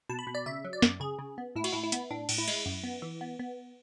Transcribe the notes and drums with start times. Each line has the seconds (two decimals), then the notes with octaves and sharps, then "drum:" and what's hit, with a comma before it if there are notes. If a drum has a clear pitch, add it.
0.09 B2 A5
0.19 B5
0.27 B2
0.35 D5
0.46 C#3 E5
0.65 F#3
0.73 D5
0.82 F#2, drum: snare
1.00 C#3 G#4
1.19 C#3
1.38 B3
1.56 A2 E4
1.64 F#4, drum: cymbal
1.73 A2 E4
1.83 E4
1.92 B3, drum: hi-hat
2.10 A2 D4
2.29 A2, drum: cymbal
2.38 E4
2.48 G#3, drum: cymbal
2.66 F#2
2.84 B3
3.02 E3
3.21 B3
3.39 B3